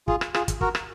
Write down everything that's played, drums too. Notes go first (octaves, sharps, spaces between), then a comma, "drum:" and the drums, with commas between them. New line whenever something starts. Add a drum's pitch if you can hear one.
F4 G#4, drum: kick
drum: rim click
F4 G#4, drum: rim click
drum: kick, hi-hat
F#4 A#4, drum: kick
drum: rim click